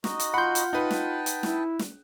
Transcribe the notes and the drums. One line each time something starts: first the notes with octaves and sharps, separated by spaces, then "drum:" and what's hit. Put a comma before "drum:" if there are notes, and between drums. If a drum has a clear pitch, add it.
D#4 F#4 D#5, drum: snare
drum: hi-hat
F4 F#5 B5 C6 G6
drum: hi-hat
D#4 B4 G5 A5
drum: snare
drum: hi-hat
E4, drum: snare
drum: snare